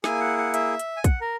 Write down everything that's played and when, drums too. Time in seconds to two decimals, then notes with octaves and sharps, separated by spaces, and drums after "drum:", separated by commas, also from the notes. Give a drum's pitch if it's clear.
0.04 A#3 E4 G#4 G#5, drum: snare
0.21 F#5
0.38 F#5
0.54 E5, drum: hi-hat
0.79 drum: hi-hat
0.97 G#5
1.04 F#5, drum: kick, hi-hat
1.21 A#4